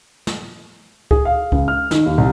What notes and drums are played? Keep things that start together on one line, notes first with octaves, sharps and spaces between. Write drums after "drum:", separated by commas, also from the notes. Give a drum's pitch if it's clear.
drum: snare
G#4, drum: kick C#2
F5
C#2, drum: kick C#2
F6
D#3, drum: snare
D#2
C2